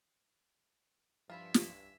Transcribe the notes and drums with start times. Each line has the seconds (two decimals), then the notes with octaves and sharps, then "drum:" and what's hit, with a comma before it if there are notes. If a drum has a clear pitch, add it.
1.30 G2 E3 F3 E4 F4 E5
1.54 drum: snare